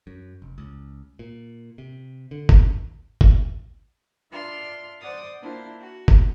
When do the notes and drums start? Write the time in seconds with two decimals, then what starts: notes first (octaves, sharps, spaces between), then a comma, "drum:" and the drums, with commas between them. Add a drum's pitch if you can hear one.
0.07 F#2
0.42 F1
0.58 C#2
1.19 A#2
1.78 C3
2.31 D3
2.49 drum: kick G1
2.69 G#1
3.21 drum: kick G1
4.31 D4 F4 D5 E5 C6 F6
5.00 C5 D5 F#5 C6 D#6 A6
5.40 A#3 D4 E4 F4 C5
5.81 F#4
6.08 drum: kick G1